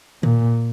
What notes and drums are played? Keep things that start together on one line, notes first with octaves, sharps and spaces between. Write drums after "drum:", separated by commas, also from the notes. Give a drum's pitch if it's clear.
A#2, drum: tom